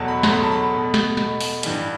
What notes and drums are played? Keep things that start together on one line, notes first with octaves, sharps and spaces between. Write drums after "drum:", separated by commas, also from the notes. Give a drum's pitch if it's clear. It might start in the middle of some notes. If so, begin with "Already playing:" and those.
Already playing: E2 B2 F#3 A3 F#5 A5
B5
E2 B2 F#3 A3 C6, drum: snare
B5
A5
B5
B2 A3
drum: snare
B2 A3 B5, drum: snare
drum: open hi-hat
G2 E3 G3, drum: hi-hat